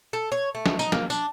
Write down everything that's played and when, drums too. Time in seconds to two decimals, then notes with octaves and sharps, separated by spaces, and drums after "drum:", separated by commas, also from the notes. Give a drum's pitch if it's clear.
0.13 A4
0.32 C#5
0.55 A3
0.66 drum: snare
0.79 D#4, drum: tambourine
0.92 A#3, drum: snare
1.10 D4, drum: tambourine